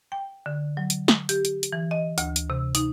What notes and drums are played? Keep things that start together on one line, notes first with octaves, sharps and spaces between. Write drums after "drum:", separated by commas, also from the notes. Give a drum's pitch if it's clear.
G5
D3
F#3
drum: hi-hat
drum: snare
G4, drum: hi-hat
drum: hi-hat
drum: hi-hat
E3
D#5
D2, drum: hi-hat
drum: hi-hat
C3
D#4, drum: hi-hat